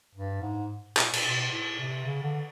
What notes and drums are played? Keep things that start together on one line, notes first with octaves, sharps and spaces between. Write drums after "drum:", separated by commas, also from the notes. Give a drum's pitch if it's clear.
G2
G#2
A#2, drum: clap
A#2, drum: cymbal
B2
A2
C3
C#3
D3